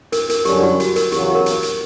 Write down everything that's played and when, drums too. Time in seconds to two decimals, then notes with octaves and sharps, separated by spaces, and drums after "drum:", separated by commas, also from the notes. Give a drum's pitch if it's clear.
0.12 A#4, drum: hi-hat
0.29 A#4, drum: hi-hat
0.45 F#2 D3 G3 C#4 G4, drum: hi-hat
0.63 F#4
0.80 F#4, drum: hi-hat
0.96 A#4, drum: hi-hat
1.12 E2 C#3 F#3 G4, drum: hi-hat
1.24 G4
1.35 A#4
1.46 drum: hi-hat
1.63 drum: hi-hat